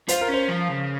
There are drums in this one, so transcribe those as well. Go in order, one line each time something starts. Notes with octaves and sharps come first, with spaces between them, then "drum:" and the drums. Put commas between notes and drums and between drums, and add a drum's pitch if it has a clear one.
F4 C5, drum: hi-hat
A#4
C#4
C5
F3
C#3